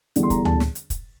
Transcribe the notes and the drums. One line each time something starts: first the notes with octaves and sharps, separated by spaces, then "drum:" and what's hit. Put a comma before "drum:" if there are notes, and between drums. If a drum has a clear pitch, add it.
E2 D3 G3, drum: hi-hat
C6
A#5, drum: kick, hi-hat
A5, drum: tom D2
drum: snare
drum: hi-hat
drum: kick, hi-hat